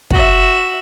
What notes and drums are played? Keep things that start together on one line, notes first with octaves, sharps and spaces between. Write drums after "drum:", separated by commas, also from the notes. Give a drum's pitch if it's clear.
F#4 E5, drum: kick